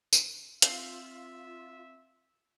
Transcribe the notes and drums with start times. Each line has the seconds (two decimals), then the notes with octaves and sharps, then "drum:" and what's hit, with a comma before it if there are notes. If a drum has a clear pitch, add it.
0.13 drum: tambourine
0.62 C4 F4 E5 F5, drum: hi-hat